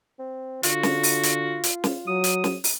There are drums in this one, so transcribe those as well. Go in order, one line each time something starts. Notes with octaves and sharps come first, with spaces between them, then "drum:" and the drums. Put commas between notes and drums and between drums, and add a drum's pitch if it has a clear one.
C4
D3 F4 F#4, drum: hi-hat
drum: snare
drum: open hi-hat
drum: hi-hat
drum: hi-hat
drum: snare
F#3 D#6
drum: hi-hat
drum: snare
drum: open hi-hat